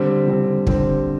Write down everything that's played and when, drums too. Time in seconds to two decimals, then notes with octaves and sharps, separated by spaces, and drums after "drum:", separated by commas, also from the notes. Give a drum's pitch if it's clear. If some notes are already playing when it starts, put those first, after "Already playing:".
Already playing: D3 G3 C4
0.27 D3 G3 C4
0.67 D3 G3 C4, drum: kick